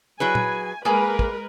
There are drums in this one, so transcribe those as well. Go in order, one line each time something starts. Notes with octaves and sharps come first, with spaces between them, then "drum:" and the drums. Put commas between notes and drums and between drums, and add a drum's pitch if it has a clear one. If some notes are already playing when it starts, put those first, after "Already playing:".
F#3 E4 G#4 B4 G#5
drum: tom A#2
G#3 A#3 G#4 A#4 B4 G#5 B5
drum: kick